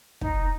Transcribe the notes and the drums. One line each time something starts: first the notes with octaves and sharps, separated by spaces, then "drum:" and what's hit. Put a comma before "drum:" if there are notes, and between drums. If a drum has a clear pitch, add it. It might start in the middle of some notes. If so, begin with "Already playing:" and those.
D#4, drum: kick